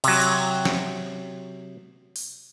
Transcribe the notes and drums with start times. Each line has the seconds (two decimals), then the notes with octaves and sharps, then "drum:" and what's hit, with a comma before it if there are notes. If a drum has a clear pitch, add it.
0.04 C3 F#3, drum: cymbal
0.21 drum: hi-hat
0.65 drum: snare
2.16 drum: open hi-hat